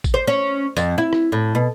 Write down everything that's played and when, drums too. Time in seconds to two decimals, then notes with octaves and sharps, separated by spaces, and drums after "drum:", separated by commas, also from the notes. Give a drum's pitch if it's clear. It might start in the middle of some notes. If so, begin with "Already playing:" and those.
0.04 drum: kick, tambourine
0.14 C5
0.27 C#4
0.77 F2, drum: tambourine
0.98 E4
1.13 drum: rim click
1.32 A2
1.55 B2